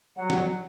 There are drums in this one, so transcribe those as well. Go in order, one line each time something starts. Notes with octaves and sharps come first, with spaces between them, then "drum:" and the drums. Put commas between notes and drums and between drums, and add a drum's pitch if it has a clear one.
F#3 F#5
drum: snare